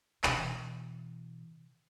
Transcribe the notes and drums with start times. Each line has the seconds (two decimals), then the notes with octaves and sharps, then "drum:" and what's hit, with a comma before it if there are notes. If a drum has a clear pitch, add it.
0.24 B2 E3, drum: clap